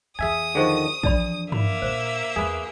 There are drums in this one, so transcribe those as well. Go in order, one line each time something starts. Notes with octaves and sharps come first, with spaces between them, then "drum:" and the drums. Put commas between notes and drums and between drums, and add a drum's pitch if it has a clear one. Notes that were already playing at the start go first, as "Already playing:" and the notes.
E2 G#4 E5 G#5 D#6
D3 D#3 F3 G#4 C5 C#6
F2 E3 D4 D5 A5 B5, drum: kick
A#3 E5 B5, drum: tom G2
A#2 C5
E2 G#4 B4